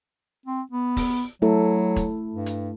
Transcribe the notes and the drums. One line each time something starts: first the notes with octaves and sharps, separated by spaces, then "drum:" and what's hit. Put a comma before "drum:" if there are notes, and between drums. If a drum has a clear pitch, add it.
C4
B3
drum: kick, open hi-hat
F#3 A3 E4 A4
drum: kick, hi-hat
G2
drum: hi-hat